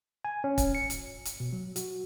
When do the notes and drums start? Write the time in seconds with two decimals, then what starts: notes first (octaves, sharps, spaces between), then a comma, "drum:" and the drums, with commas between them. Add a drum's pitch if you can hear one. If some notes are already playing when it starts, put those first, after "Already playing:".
0.25 G#5
0.44 C#4
0.58 drum: kick, hi-hat
0.75 C#7
0.90 G1, drum: hi-hat
1.25 drum: hi-hat
1.40 B2
1.53 F#3
1.76 F#4, drum: hi-hat